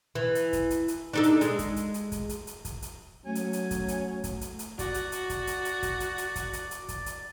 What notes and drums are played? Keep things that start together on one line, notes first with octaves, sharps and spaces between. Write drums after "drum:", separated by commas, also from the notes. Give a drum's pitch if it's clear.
E3
drum: hi-hat
drum: kick, hi-hat
drum: hi-hat
drum: hi-hat
D4 D#4 A4
drum: hi-hat
G#3, drum: hi-hat
drum: kick, hi-hat
drum: hi-hat
drum: hi-hat
drum: kick, hi-hat
drum: hi-hat
drum: hi-hat
drum: kick, hi-hat
drum: hi-hat
F#3 A3 C#4
drum: hi-hat
drum: hi-hat
drum: kick, hi-hat
drum: hi-hat
drum: kick, hi-hat
drum: hi-hat
drum: hi-hat
F#4 D5, drum: kick, hi-hat
drum: hi-hat
drum: hi-hat
drum: kick, hi-hat
drum: hi-hat
drum: hi-hat
drum: kick, hi-hat
drum: hi-hat
drum: hi-hat
drum: kick, hi-hat
drum: hi-hat
drum: hi-hat
drum: kick, hi-hat
drum: hi-hat